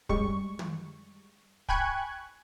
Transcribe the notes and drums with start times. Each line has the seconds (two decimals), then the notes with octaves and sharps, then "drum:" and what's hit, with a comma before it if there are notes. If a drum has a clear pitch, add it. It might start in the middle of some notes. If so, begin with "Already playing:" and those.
0.09 F#2 G3 G#3 C#6, drum: kick
0.59 drum: tom
1.69 G5 G#5 B5 C#6 F#6 G#6, drum: kick